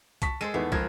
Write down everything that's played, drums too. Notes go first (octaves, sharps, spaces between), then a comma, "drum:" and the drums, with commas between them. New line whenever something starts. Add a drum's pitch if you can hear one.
A5 C#6 B6, drum: kick, hi-hat
G#3 A4 C5 D#7
E2 D#3 A3 B3
C#2 F3 A#4 B4 G#6, drum: kick